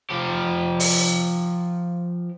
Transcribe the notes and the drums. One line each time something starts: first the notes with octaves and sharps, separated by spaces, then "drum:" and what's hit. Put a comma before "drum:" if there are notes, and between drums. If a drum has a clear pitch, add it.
F3 G4
drum: open hi-hat